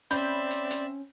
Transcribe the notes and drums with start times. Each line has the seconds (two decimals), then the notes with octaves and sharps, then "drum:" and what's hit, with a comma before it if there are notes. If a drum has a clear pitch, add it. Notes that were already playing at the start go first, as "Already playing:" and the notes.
0.11 C4 C#4 D5 E5 B5 G6, drum: hi-hat
0.51 drum: hi-hat
0.71 drum: hi-hat